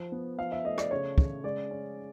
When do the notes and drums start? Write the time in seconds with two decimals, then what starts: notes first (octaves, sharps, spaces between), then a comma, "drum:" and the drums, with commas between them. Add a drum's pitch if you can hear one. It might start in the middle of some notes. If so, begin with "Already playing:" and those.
Already playing: F3
0.12 B3
0.38 F3 F5
0.52 E5
0.65 A3 D#5
0.78 D5, drum: rim click
0.91 C#3 C#5
1.18 C#3, drum: kick
1.44 G#3 D5
1.71 C#4